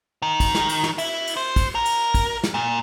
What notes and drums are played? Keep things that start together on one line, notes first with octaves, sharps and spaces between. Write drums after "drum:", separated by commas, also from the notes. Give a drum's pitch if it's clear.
D#3
drum: kick, cymbal
drum: snare
drum: cymbal
drum: snare
E4, drum: cymbal
drum: cymbal
C5
drum: kick, cymbal
A#4
drum: cymbal
drum: kick, cymbal
drum: snare
A#2